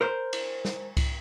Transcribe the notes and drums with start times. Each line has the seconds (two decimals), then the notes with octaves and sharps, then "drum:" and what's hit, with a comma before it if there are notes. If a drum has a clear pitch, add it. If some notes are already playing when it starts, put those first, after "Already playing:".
0.01 A#4 C5
0.33 drum: cymbal
0.65 drum: snare
0.97 drum: kick C2, cymbal